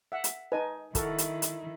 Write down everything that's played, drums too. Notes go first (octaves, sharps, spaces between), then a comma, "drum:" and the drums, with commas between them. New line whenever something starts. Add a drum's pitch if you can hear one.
E5 F#5
drum: hi-hat
D#4 B4 D#5 G#5 A5
D#3 E4 F#4 A4 A#4, drum: kick, hi-hat
drum: hi-hat
drum: hi-hat